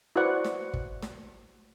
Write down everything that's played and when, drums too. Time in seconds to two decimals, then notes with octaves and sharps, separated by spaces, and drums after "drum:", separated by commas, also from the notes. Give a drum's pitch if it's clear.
0.16 E4 F#4 B4 C5 D5 F#5
0.45 drum: snare
0.74 drum: kick
1.02 drum: snare